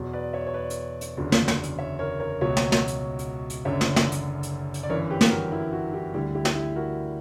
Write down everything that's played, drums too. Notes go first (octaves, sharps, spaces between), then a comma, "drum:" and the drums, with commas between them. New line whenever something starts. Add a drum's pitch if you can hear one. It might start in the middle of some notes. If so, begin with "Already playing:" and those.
Already playing: E2 B2 F#3
B4 D5
C#5 E5
C#5
B4 D5
drum: hi-hat
drum: hi-hat
F#1 E2 D3 F#3
drum: snare
drum: snare
drum: hi-hat
C#5 E5
A#4 C#5
A#4 C#5
C#2 B2 F#3 C#5 E5
drum: snare
drum: snare
drum: hi-hat
drum: hi-hat
drum: hi-hat
F#1 F#2 D3 C#5 E5
drum: snare
drum: snare
drum: hi-hat
drum: hi-hat
drum: hi-hat
D5
G1 F#2 E3 A#4 C#5
G4 B4
drum: snare
F#4 A#4
E4
F#4
E4 G4
D2 D3 G3 E4 G4
E4 G4
drum: snare
E4 G4
F#4 A#4